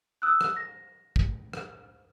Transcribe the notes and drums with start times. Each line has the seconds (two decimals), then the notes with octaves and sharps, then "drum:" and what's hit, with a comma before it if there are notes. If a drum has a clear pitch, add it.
0.22 D#6 E6 F#6
0.41 drum: rim click
0.56 A#6
1.16 drum: kick
1.53 drum: rim click